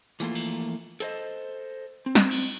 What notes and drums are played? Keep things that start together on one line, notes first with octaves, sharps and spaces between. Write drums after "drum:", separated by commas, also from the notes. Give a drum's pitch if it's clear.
E3 F3 A3 A#3 F4, drum: tambourine
drum: cymbal
A4 C5 D#5, drum: hi-hat
C4
drum: snare
drum: cymbal